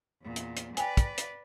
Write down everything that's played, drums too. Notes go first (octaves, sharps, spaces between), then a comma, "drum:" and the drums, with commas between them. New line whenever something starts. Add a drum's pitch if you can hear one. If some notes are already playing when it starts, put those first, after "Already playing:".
E2 A#2
drum: hi-hat
drum: hi-hat
B4 D5 G5 G#5, drum: hi-hat
drum: kick, hi-hat
drum: hi-hat